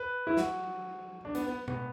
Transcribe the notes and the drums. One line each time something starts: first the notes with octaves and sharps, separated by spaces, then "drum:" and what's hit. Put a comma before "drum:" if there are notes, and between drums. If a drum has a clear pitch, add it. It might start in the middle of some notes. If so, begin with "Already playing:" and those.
Already playing: B4
E4
F#4, drum: snare
D4
B3, drum: hi-hat
B3
B3, drum: tom B2